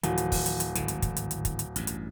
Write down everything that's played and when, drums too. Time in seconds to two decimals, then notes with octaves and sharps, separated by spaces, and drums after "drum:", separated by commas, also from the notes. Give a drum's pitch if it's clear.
0.03 D1 D#3 F3, drum: hi-hat
0.18 drum: hi-hat
0.32 drum: kick, open hi-hat
0.46 drum: hi-hat
0.60 drum: hi-hat
0.75 G#1 D3 E3, drum: hi-hat
0.88 drum: hi-hat
1.02 drum: kick, hi-hat
1.16 drum: hi-hat
1.31 drum: hi-hat
1.45 drum: kick, hi-hat
1.59 drum: hi-hat
1.76 A1 G2, drum: hi-hat
1.87 drum: hi-hat